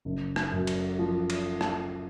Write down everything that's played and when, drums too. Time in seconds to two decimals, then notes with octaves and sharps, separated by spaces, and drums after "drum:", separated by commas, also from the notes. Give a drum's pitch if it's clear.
0.05 F#1
0.36 drum: rim click
0.52 F#2
0.67 drum: cymbal
0.99 F3
1.30 drum: cymbal
1.61 drum: rim click